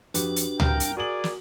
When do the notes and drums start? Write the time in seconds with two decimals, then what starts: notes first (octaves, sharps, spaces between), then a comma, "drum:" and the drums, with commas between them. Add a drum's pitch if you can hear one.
0.14 F2 D4 F#4 G4 B4, drum: hi-hat
0.36 drum: hi-hat
0.60 C2 G2 A#4 G5, drum: tom C#2
0.80 drum: hi-hat
0.97 F#4 G#4 A#4 D5 F#7
1.24 drum: snare